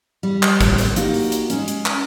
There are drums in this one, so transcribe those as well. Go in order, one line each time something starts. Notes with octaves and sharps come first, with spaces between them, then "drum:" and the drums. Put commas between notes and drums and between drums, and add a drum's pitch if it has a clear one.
G3
drum: clap
drum: kick, hi-hat
drum: hi-hat
A#3 D#4 F#4 G4, drum: hi-hat
drum: open hi-hat
drum: hi-hat
G#3 C#4, drum: hi-hat
drum: hi-hat
drum: clap